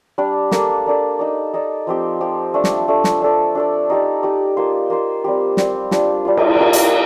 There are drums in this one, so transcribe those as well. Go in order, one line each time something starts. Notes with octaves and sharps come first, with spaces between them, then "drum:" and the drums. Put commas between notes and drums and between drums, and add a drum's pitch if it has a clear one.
G3 D4 G4 D5
A#3 D4 A4 D5, drum: snare
A#3 D4 A4 D5
D#4 A4 D5
D#4 A4 D5
F3 C4 G4
F3 C4 G4
A3 D4 A4
drum: snare
A3 D4 A4
drum: snare
D4 A4 D5
D4 A4 D5
D#4 G4 D5
D#4 G4 D5
A#3 F4 C5
A#3 F4 C5
G3 C4 G4
G3 C4 G4, drum: snare
G3 D4 F4, drum: snare
G3 D4 F4
drum: cymbal
D#4 G4 A#4 F5
drum: hi-hat